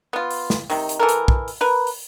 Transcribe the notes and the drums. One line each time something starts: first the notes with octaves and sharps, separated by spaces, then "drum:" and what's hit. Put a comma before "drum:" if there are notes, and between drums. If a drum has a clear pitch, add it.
B3 F4
drum: open hi-hat
drum: snare
C3 D#3, drum: open hi-hat
drum: hi-hat
E3 A4 A#4
drum: hi-hat
drum: kick
drum: open hi-hat
A#4 B4
drum: open hi-hat